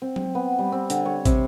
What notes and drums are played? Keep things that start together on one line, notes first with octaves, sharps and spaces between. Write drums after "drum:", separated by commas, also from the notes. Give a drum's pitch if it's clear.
C4
drum: tom F#3
B3
G3
C4
D3, drum: hi-hat
C#5
C3, drum: kick, hi-hat